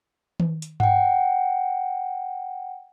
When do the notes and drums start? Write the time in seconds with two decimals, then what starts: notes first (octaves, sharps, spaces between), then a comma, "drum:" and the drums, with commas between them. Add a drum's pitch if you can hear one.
0.40 drum: tom D#3
0.62 drum: hi-hat
0.80 F#5 G5, drum: tom G2